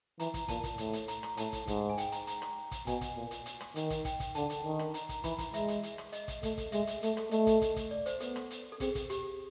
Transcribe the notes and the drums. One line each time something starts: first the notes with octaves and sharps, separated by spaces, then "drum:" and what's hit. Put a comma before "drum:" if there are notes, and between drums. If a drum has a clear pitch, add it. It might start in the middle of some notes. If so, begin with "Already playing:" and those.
E3 A#5, drum: hi-hat
drum: kick, hi-hat
A#2 A5, drum: kick, hi-hat
drum: kick, hi-hat
A2, drum: hi-hat
drum: hi-hat
A#5, drum: hi-hat
drum: rim click
A2 A5, drum: hi-hat
drum: kick, hi-hat
G#2, drum: kick, hi-hat
G#5
G5, drum: hi-hat
A#5, drum: hi-hat
A#5, drum: hi-hat
drum: rim click
drum: kick, hi-hat
B2 G#5, drum: kick, hi-hat
drum: kick, hi-hat
A#2
drum: hi-hat
drum: hi-hat
drum: rim click
D#3, drum: hi-hat
drum: kick, hi-hat
G5, drum: kick, hi-hat
drum: kick, hi-hat
D3 A5, drum: hi-hat
drum: hi-hat
D#3
drum: rim click
A#5, drum: hi-hat
drum: kick, hi-hat
E3 B5, drum: kick, hi-hat
A#5, drum: kick, hi-hat
G#3 E5, drum: hi-hat
drum: hi-hat
drum: hi-hat
drum: rim click
D#5, drum: hi-hat
drum: kick, hi-hat
A3, drum: kick, hi-hat
drum: kick, hi-hat
G#3 E5, drum: hi-hat
drum: hi-hat
A3, drum: hi-hat
drum: rim click
A3 D#5, drum: hi-hat
drum: kick, hi-hat
drum: kick, hi-hat
drum: kick, hi-hat
D5
C5, drum: hi-hat
B3 A4, drum: hi-hat
drum: rim click
drum: hi-hat
A4
C4 G#4, drum: kick, hi-hat
drum: kick, hi-hat
G4, drum: hi-hat